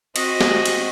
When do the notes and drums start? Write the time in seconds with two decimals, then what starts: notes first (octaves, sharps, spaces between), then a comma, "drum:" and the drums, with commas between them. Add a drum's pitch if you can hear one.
0.16 C4 F#4 D#5, drum: cymbal
0.41 drum: snare
0.66 drum: cymbal